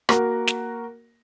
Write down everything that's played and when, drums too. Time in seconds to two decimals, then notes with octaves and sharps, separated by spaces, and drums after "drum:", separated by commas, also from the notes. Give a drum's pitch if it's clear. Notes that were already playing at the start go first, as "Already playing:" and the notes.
0.09 A#3 F#4 A#4, drum: rim click
0.47 drum: snare